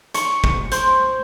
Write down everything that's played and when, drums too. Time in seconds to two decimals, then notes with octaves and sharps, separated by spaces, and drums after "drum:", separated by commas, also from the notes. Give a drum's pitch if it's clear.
0.14 C#6, drum: hi-hat
0.44 drum: kick
0.72 C5, drum: hi-hat